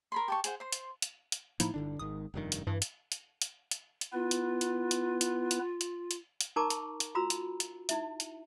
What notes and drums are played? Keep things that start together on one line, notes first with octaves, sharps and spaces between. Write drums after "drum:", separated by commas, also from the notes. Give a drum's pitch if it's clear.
A#4 B5 C6
G4 A5 C#6
G#4 C5 F#5, drum: hi-hat
C5 C6
drum: hi-hat
drum: hi-hat
drum: hi-hat
A2 F3 A#3 D#4 E4, drum: hi-hat
G1 D3 D4
G#1 G#2 D#3 D#6
F1 G2 D#3
drum: hi-hat
G2 E3
drum: hi-hat
drum: hi-hat
drum: hi-hat
drum: hi-hat
drum: hi-hat
B3 E4 F4 B4
drum: hi-hat
drum: hi-hat
drum: hi-hat
drum: hi-hat
drum: hi-hat
drum: hi-hat
drum: hi-hat
drum: hi-hat
D#4 A#4 A5 A#5 C#6 D6
drum: hi-hat
drum: hi-hat
F4 F#4 A#5 B5 E6
drum: hi-hat
drum: hi-hat
D#4 E4 E5, drum: hi-hat
drum: hi-hat